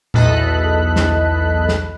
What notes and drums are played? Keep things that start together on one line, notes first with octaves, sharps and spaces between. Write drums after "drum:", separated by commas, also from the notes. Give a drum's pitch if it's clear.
B1 E2 A4 D#5 B5 F#6, drum: tom A#2
drum: snare
drum: snare